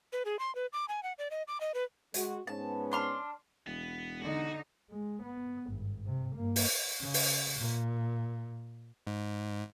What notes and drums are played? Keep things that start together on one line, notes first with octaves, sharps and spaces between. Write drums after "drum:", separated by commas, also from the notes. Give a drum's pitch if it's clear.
B4
G#4
C6
B4
D6
G#5
F#5
D5
D#5
D6
D#5
B4
G#3 F#4, drum: hi-hat
G#2 B3 C#4 A5
D4 C6 F6
E1 B3
D3 D#4 F#4
G#3
B3
G#1 G2
C3
G2 A#3
drum: open hi-hat
C#3
drum: open hi-hat
A#2
G#2